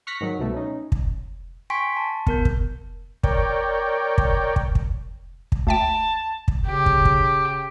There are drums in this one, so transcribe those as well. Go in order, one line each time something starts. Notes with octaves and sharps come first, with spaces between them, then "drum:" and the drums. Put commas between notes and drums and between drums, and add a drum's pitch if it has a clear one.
C#6 F6 F#6 A#6 B6 C#7
G#2 D#3 F#3
C2 B2 A3
C#4 D#4
drum: kick
G5 G#5 C6 C#6 B6 D7
A5
B3 A#4 G6, drum: kick
drum: kick
A#4 C#5 D5 G5, drum: kick
drum: kick
drum: kick
drum: kick
drum: kick
D2 E5 G5 A5
drum: kick
C#3 G4
drum: kick
drum: kick